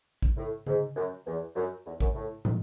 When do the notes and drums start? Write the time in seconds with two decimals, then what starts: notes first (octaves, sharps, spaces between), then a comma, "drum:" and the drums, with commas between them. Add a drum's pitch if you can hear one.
0.22 drum: kick
0.37 A2
0.66 G#2, drum: tom D3
0.96 F#2
1.26 E2
1.56 F#2
1.86 E2
2.00 F#2, drum: kick
2.15 A2
2.45 drum: tom